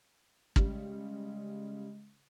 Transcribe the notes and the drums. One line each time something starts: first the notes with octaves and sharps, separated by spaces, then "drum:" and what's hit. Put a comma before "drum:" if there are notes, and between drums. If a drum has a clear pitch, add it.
C#3 G3 G#3, drum: kick